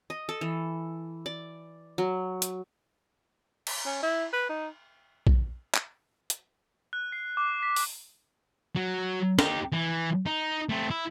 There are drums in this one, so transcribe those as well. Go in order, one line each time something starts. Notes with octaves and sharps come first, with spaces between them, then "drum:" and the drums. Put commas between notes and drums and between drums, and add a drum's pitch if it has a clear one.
D#5
A4
E3
D5
F#3
drum: hi-hat
drum: cymbal
C#4
E4
B4
D#4
drum: kick A#1
drum: clap
drum: hi-hat
F#6
C7
D6
B6
drum: open hi-hat
F#3
D#4 G4, drum: snare
E3
D#4
A3 C4
E4